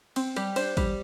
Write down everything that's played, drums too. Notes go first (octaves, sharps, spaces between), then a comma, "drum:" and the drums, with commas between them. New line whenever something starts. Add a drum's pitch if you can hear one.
C4, drum: cymbal
G3 G4, drum: cymbal
D4 C5, drum: cymbal
G3, drum: kick, cymbal